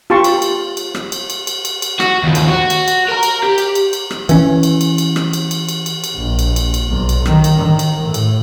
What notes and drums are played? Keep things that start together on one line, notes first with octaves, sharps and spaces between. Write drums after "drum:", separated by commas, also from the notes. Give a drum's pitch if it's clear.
F4 G4 A5 C6 C#6
drum: cymbal
drum: cymbal
drum: cymbal
drum: rim click
drum: cymbal
drum: cymbal
drum: cymbal
drum: cymbal
drum: cymbal
F#4, drum: rim click
D#2 F3
drum: cymbal
F#4
drum: cymbal
drum: cymbal
A#4 A#5
drum: cymbal
G4
drum: cymbal
drum: cymbal
drum: cymbal
drum: rim click
E3 C#4, drum: cymbal
drum: cymbal
drum: cymbal
drum: cymbal
drum: rim click
drum: cymbal
drum: cymbal
drum: cymbal
drum: cymbal
drum: cymbal
A#1
drum: cymbal
drum: cymbal
drum: cymbal
B1
drum: cymbal
D#3, drum: rim click
drum: cymbal
D#3
drum: cymbal
A2
drum: cymbal